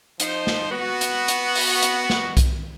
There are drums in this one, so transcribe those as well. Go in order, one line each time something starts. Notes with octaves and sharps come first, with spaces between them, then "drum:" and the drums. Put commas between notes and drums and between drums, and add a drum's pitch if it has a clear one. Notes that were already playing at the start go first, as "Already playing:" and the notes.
F3 D#4 C5, drum: hi-hat
drum: snare
B3 F#4
drum: hi-hat
drum: hi-hat
drum: open hi-hat
drum: hi-hat
drum: snare
drum: kick B1, hi-hat